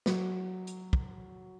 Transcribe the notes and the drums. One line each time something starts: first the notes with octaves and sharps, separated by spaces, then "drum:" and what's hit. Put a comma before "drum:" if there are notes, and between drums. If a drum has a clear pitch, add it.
F#3, drum: snare
drum: hi-hat
drum: kick